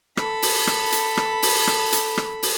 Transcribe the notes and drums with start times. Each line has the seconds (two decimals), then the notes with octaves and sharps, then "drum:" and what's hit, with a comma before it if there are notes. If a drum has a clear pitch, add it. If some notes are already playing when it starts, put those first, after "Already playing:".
0.17 A4 B5, drum: rim click
0.42 drum: open hi-hat
0.67 drum: rim click
0.92 drum: hi-hat
1.17 drum: rim click
1.42 drum: open hi-hat
1.67 drum: rim click
1.92 drum: hi-hat
2.17 drum: rim click
2.43 drum: open hi-hat